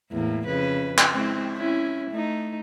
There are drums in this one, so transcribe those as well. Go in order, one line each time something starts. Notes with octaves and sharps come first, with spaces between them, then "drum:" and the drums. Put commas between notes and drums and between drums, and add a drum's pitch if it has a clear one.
E2 A2 A#3
F2 C#3 B4
drum: clap
G#3 C4 E4
C#4 E4
A3 D#4